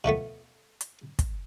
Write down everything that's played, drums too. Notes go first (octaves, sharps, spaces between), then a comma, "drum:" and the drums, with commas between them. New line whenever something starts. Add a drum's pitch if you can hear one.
B2 F3 A3 B3
drum: hi-hat
drum: kick, hi-hat